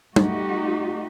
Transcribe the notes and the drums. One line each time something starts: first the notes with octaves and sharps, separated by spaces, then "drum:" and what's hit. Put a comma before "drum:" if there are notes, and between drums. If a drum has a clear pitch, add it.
G3 A3 D#4 F#4 G4, drum: tom